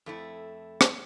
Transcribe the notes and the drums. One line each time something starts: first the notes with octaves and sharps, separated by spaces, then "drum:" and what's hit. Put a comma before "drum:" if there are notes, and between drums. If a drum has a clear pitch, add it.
F2 A3 E4
drum: rim click